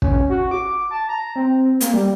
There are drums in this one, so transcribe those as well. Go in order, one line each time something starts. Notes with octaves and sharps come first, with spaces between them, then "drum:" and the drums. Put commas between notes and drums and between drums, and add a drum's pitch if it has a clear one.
C#4, drum: kick
F#4
D6
A5
A#5
C4
A#3, drum: hi-hat
G3